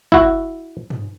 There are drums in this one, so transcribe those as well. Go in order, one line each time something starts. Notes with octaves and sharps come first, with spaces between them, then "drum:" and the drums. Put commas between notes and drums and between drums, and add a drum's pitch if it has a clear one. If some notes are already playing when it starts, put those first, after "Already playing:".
E4 F#4, drum: kick
drum: tom G2